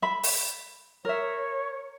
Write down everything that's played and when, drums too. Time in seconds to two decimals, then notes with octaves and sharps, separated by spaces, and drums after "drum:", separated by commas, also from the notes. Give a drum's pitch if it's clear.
0.02 E5 B5
0.23 drum: open hi-hat
1.05 A#4 C#5 E5